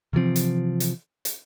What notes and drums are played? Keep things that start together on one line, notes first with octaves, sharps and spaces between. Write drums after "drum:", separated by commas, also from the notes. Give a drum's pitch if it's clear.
C3 E3 F3 C4
drum: hi-hat
drum: hi-hat
drum: hi-hat